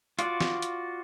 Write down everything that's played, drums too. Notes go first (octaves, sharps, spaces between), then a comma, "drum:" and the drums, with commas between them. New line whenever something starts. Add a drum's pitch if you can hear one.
F4 F#4 D5, drum: hi-hat
drum: snare
drum: hi-hat